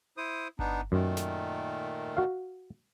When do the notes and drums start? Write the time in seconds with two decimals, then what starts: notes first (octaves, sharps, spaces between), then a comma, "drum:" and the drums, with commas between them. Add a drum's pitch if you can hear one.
0.17 E4 C5 D#6
0.59 B3 D4 D#4, drum: kick G1
0.92 F#2 A#2 D#3 A3
1.17 drum: snare
2.17 F#4 F5